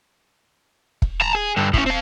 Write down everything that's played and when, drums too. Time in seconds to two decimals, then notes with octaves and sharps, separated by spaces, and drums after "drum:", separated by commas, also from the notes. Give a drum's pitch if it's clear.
1.02 drum: kick
1.22 A5 A#5
1.35 G#4
1.57 G2 D3
1.74 A2 C#4, drum: kick
1.86 C4 F5